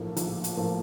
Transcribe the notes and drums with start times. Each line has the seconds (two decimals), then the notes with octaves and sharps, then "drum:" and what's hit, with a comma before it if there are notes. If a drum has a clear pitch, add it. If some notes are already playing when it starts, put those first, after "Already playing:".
Already playing: A#1 A2 F3 A#3
0.17 A#1, drum: hi-hat
0.44 drum: hi-hat
0.57 A2 F3 A#3